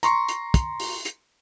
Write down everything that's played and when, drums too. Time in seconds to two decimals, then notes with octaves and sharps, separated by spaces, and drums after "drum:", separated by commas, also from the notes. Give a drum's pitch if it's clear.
0.03 A#5 C6 C#6, drum: hi-hat
0.29 drum: hi-hat
0.54 drum: kick, hi-hat
0.80 drum: open hi-hat
1.05 drum: hi-hat